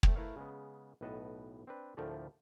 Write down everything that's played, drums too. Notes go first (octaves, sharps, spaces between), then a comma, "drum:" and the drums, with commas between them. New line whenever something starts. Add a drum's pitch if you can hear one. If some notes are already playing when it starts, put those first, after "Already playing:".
A3 C4, drum: kick
A3 E4 A#4 B4 C#5 F5
C#3 G#3 B3
B1 A2 B4 D#5 F#5 A5
C4 D4 B4
D2 A2 F3 A3 A#4 D5